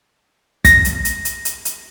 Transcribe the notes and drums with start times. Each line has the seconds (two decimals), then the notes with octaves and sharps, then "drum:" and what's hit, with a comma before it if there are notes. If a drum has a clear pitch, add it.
0.65 A#6, drum: kick, hi-hat
0.85 drum: hi-hat
1.05 drum: hi-hat
1.25 drum: hi-hat
1.45 drum: hi-hat
1.65 drum: hi-hat